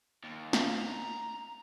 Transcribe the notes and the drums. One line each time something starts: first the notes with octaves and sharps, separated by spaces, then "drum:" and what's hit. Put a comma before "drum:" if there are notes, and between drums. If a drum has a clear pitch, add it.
D#2
drum: snare
A#5